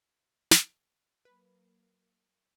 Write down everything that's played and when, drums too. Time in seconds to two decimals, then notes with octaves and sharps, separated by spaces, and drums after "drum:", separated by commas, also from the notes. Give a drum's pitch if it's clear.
0.51 drum: snare
1.25 F#3 A#3 B4